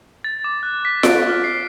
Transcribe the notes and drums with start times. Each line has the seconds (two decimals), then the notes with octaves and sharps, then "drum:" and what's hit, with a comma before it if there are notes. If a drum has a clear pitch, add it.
0.24 A6
0.44 D6
0.63 F#6
0.85 B6
1.03 D7, drum: snare F4
1.29 F6
1.44 C7